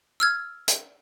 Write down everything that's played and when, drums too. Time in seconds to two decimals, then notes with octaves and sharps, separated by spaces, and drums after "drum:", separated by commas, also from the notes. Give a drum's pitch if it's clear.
0.20 E6 F6 G#6
0.68 drum: hi-hat